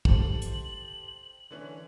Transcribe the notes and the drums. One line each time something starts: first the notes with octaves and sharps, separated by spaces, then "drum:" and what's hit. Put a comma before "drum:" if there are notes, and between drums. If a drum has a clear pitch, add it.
G4 A4 C5 F#7, drum: kick
drum: hi-hat
D3 E3 C#4